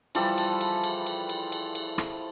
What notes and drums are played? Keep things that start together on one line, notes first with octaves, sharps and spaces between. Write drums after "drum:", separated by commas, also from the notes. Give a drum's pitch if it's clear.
E3 F3 G3 A4, drum: cymbal
drum: cymbal
drum: cymbal
drum: cymbal
drum: cymbal
drum: cymbal
drum: cymbal
drum: cymbal
drum: rim click